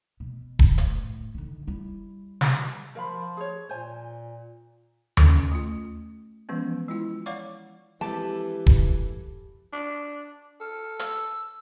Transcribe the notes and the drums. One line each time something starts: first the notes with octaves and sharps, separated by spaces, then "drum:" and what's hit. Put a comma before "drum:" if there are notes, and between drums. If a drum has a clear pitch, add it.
B2
drum: kick D#1
A2, drum: hi-hat
D3 D#3
G3 E4
drum: snare
F3 A#4 F5 B5
G#4 C#5
A#2 C5 G#5
C#4 A4, drum: tom D#2
A3 F4
E3 F3 G#3 B3 C#4
G#3 E4 F4
C#5 D5 F5 F#5 C#6 D6
E3 F3 G#3 C4 G4 A4 B4 A5
drum: kick D#1
D4
A4 F6
E6, drum: hi-hat